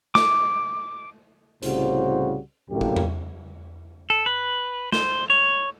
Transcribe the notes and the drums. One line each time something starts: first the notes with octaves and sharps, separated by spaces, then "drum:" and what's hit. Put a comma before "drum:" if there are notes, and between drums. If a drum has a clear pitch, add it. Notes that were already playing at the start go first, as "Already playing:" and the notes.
D6, drum: snare
C2 A2 C#3 G3 F#4 C5, drum: hi-hat
C2 F#2 A2 D3 A#3 G4
drum: kick
drum: tom E2
A4
B4
C5, drum: snare
C#5